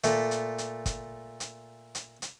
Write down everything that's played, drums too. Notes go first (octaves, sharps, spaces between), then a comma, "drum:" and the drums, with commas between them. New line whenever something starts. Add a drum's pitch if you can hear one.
A#2 A3, drum: hi-hat
drum: hi-hat
drum: hi-hat
drum: kick, hi-hat
drum: hi-hat
drum: hi-hat
drum: hi-hat